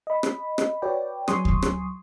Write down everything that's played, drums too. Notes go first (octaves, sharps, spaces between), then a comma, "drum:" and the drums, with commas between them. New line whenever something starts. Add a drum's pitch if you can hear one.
D#5 B5
drum: rim click
drum: rim click
F#4 B4 C#5 D5 G5
F#3 G#5 C6 C#6 D#6, drum: rim click
drum: kick D2
drum: rim click